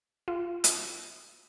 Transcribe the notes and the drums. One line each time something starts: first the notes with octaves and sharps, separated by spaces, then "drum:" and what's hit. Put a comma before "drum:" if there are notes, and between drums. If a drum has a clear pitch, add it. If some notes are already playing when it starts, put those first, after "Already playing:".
F4
D#6, drum: hi-hat